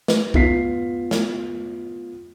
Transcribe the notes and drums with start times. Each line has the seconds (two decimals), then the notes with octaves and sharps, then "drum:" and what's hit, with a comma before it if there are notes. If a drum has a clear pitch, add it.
0.08 drum: snare
0.34 B3 F4 B6 C7, drum: kick
1.11 drum: snare